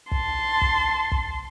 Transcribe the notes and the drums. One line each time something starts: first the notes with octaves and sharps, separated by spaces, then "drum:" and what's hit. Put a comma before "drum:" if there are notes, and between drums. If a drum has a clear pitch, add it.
A5 C6, drum: kick
drum: kick
drum: kick